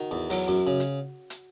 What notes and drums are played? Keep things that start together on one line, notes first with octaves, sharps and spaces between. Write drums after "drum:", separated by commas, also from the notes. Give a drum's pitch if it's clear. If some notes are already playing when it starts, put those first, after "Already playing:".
Already playing: D#3 F#4
E2
F#3, drum: open hi-hat
F#2
C#3
drum: hi-hat
drum: hi-hat